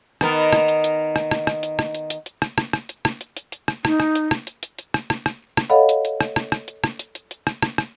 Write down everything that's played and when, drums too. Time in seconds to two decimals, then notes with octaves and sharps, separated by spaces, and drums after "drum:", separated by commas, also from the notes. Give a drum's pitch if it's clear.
0.21 D#3 B3 A#4, drum: rim click
0.53 drum: rim click
0.68 drum: hi-hat
0.84 drum: hi-hat
1.16 drum: rim click
1.31 drum: rim click
1.47 drum: rim click
1.63 drum: hi-hat
1.79 drum: rim click
1.95 drum: hi-hat
2.10 drum: hi-hat
2.26 drum: hi-hat
2.42 drum: rim click
2.58 drum: rim click
2.73 drum: rim click
2.89 drum: hi-hat
3.05 drum: rim click
3.21 drum: hi-hat
3.37 drum: hi-hat
3.52 drum: hi-hat
3.68 drum: rim click
3.85 D#4, drum: rim click
4.00 drum: rim click
4.15 drum: hi-hat
4.31 drum: rim click
4.47 drum: hi-hat
4.63 drum: hi-hat
4.79 drum: hi-hat
4.94 drum: rim click
5.10 drum: rim click
5.26 drum: rim click
5.57 drum: rim click
5.70 A4 C#5 D#5 F5 F#5 B5
5.89 drum: hi-hat
6.05 drum: hi-hat
6.21 drum: rim click
6.36 drum: rim click
6.52 drum: rim click
6.68 drum: hi-hat
6.84 drum: rim click
6.99 drum: hi-hat
7.15 drum: hi-hat
7.31 drum: hi-hat
7.47 drum: rim click
7.62 drum: rim click
7.78 drum: rim click